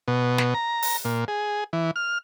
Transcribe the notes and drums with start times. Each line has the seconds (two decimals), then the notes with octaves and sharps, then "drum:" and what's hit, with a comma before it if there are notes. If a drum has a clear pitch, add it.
0.08 B2
0.38 drum: snare
0.54 A#5
0.82 drum: open hi-hat
1.05 A#2
1.28 G#4
1.73 E3
1.96 F6